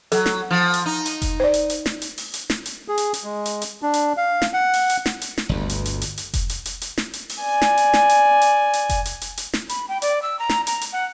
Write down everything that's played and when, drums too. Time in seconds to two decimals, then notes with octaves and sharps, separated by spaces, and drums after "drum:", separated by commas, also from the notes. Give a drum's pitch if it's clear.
0.12 F#3 A4, drum: hi-hat
0.26 drum: snare
0.51 F3
0.74 drum: hi-hat
0.86 D#4
1.06 drum: hi-hat
1.22 drum: kick F1, hi-hat
1.40 C5 D5
1.54 drum: hi-hat
1.70 drum: hi-hat
1.86 drum: snare
2.02 drum: hi-hat
2.18 drum: open hi-hat
2.34 drum: hi-hat
2.50 drum: snare
2.66 drum: hi-hat
2.88 G#4
2.98 drum: hi-hat
3.14 drum: hi-hat
3.24 G#3
3.46 drum: hi-hat
3.62 drum: hi-hat
3.82 D4
3.94 drum: hi-hat
4.17 F5
4.42 drum: snare
4.53 F#5
4.74 drum: open hi-hat
4.90 drum: hi-hat
5.06 drum: snare
5.22 drum: hi-hat
5.38 drum: snare
5.49 G1 D2
5.70 drum: hi-hat
5.86 drum: hi-hat
6.02 drum: hi-hat
6.18 drum: hi-hat
6.34 drum: kick F1, hi-hat
6.50 drum: hi-hat
6.66 drum: hi-hat
6.82 drum: hi-hat
6.98 drum: snare
7.14 drum: hi-hat
7.30 drum: open hi-hat
7.41 D5 G#5
7.61 drum: snare
7.77 drum: hi-hat
7.93 drum: snare
8.09 drum: hi-hat
8.41 drum: hi-hat
8.73 drum: hi-hat
8.89 drum: kick F1, hi-hat
9.05 drum: hi-hat
9.21 drum: hi-hat
9.37 drum: hi-hat
9.53 drum: snare
9.69 B5, drum: hi-hat
9.89 G5
10.02 D5, drum: hi-hat
10.22 E6
10.39 A#5
10.49 drum: snare
10.67 A#5, drum: hi-hat
10.81 drum: hi-hat
10.93 F#5